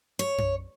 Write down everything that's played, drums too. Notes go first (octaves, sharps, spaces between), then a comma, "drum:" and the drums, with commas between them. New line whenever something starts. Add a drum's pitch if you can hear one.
C#5
drum: tom F#2